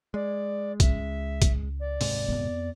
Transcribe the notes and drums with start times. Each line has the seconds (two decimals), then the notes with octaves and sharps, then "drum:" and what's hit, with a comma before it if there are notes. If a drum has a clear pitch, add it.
0.14 G#3 D5
0.80 C#2 E5, drum: kick B1, hi-hat
1.42 drum: kick B1, hi-hat
1.80 D5
2.01 D#1 G#2 C3, drum: open hi-hat
2.29 F2 B3